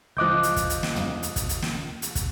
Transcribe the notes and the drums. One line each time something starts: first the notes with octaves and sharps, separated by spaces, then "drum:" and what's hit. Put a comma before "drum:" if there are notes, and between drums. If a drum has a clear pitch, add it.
C#2 F3 D#5 D6 F#6 G6
drum: hi-hat
drum: kick, hi-hat
drum: hi-hat
drum: snare
drum: tom
drum: hi-hat
drum: kick, hi-hat
drum: hi-hat
drum: snare
drum: hi-hat
drum: kick, hi-hat